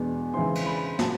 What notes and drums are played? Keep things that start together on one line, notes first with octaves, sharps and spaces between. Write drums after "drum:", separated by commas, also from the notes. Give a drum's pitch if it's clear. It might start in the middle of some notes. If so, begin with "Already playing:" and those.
Already playing: E2 B2 G#3 B3 D4
C#3 E3 G#3 C4 D#4 C6
drum: cymbal
B5
A#2 F#3 B3 A5, drum: snare